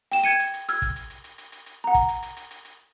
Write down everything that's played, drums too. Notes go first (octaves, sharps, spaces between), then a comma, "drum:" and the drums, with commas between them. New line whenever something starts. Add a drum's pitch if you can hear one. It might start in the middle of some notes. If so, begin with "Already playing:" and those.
G5 E7, drum: hi-hat
G#6 C#7 D#7, drum: hi-hat
drum: hi-hat
drum: hi-hat
E6 F6 G#6, drum: hi-hat
drum: kick, hi-hat
drum: hi-hat
drum: hi-hat
drum: hi-hat
drum: hi-hat
drum: hi-hat
drum: hi-hat
F#5 A#5
drum: kick, hi-hat
drum: hi-hat
drum: hi-hat
drum: hi-hat
drum: hi-hat
drum: hi-hat